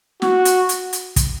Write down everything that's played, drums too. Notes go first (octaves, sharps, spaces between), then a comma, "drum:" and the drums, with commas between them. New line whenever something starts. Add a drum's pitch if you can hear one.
F#4, drum: snare
drum: hi-hat
drum: hi-hat
drum: hi-hat
drum: kick, hi-hat